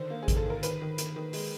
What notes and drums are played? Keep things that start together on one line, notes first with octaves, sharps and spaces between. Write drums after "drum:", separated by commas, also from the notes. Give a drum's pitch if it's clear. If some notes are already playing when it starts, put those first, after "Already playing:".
Already playing: D3 D#3 C5
A#3
G#4
D#3, drum: kick A1, hi-hat
A4
D#3 A#4
D#3 B4, drum: hi-hat
D#3
D#3, drum: hi-hat
D#3
G#3, drum: open hi-hat